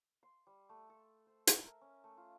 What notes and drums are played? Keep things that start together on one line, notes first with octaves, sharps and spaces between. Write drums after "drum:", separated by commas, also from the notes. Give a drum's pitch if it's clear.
C6
G3
A3
A4
C5
E5, drum: hi-hat
A#4
C#4
A3
F4